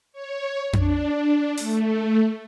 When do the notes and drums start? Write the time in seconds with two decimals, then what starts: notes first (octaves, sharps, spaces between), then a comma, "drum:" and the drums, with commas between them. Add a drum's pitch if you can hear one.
0.12 C#5
0.73 D4, drum: tom F2
1.57 A3, drum: open hi-hat